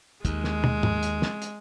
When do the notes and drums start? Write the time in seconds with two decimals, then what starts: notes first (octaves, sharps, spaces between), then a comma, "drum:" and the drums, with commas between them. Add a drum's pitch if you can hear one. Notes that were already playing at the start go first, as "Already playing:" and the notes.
0.25 D#2 G#3, drum: kick, hi-hat
0.44 drum: snare
0.64 drum: tom
0.83 drum: tom
1.03 drum: hi-hat
1.22 drum: snare
1.42 drum: hi-hat